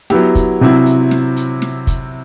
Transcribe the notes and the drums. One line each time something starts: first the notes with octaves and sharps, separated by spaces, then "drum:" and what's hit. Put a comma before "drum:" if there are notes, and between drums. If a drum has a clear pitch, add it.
F#3 B3 E4 G4, drum: snare
drum: kick, hi-hat
C3 F#3 C4 E4
drum: hi-hat
drum: snare
drum: hi-hat
drum: snare
drum: kick, hi-hat